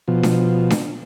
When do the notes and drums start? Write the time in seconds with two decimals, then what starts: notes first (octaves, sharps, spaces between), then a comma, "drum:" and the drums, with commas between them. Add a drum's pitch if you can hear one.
0.08 B2 F3
0.23 drum: snare D4
0.70 drum: snare D4